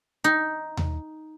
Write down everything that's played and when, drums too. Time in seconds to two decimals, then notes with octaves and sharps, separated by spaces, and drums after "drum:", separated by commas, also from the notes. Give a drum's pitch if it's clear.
0.24 D#4
0.77 drum: tom D#2